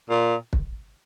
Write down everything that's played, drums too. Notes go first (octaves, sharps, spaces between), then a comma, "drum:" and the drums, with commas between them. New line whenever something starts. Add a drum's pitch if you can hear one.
A#2
drum: kick